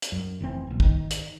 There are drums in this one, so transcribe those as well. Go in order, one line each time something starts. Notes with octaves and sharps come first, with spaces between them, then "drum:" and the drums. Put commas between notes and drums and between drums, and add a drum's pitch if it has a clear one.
drum: hi-hat
F#2
F1 E3 C4
D#1 A#1
D#3, drum: kick
drum: hi-hat